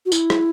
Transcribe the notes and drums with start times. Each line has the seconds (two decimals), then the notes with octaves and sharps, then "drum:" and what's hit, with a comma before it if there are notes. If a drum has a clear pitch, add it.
0.05 F#4
0.12 E4, drum: tambourine
0.30 drum: rim click